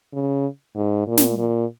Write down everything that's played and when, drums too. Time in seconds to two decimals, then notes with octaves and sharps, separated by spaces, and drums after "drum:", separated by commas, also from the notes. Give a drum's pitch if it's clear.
0.14 C#3
0.76 G#2
1.08 A#2
1.17 drum: snare
1.38 A#2